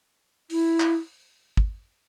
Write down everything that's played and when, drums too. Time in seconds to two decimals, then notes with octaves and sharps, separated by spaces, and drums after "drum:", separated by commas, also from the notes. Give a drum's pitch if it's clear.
0.50 E4, drum: open hi-hat
0.80 drum: clap
1.57 drum: kick